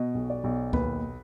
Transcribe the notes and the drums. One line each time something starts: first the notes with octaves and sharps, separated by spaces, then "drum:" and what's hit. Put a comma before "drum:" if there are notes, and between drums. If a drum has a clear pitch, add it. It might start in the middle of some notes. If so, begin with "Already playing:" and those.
Already playing: B2 D#5
B1
D5
B1
D#2 B4, drum: kick C#2